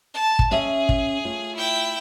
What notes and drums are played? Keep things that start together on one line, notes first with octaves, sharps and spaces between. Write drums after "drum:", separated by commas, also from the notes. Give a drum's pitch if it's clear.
A5
drum: kick
C#4 G#4 D#5 E5
drum: kick
A3 F4 C#5
E4 G5